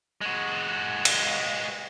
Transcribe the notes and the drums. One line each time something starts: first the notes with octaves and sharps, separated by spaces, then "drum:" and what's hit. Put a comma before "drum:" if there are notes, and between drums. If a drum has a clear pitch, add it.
G#3 F#4
drum: cymbal